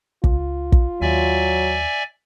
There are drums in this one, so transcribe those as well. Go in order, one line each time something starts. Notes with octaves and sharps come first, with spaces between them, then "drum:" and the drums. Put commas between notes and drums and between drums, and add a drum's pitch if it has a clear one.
C#2 F4, drum: kick
drum: kick
D#2 F#3 D5 E5 G#5